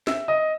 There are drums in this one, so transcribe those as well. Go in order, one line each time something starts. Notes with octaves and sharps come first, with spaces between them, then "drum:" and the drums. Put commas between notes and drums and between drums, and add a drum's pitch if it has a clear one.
E5 E6, drum: snare
D#5 D#6